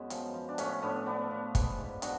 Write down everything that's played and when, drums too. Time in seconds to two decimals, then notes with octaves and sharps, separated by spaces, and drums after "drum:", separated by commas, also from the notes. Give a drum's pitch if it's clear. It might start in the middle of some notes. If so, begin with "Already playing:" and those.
Already playing: F#2 G#3 B3 C#4
0.10 F3, drum: hi-hat
0.34 F3
0.49 D4
0.58 A2 A3 C#4, drum: hi-hat
0.82 A2 B3 D4
1.06 F3 B3 D4
1.31 F3
1.55 G#2, drum: kick, hi-hat
1.78 G#2
2.02 F#3 D4 F#4, drum: hi-hat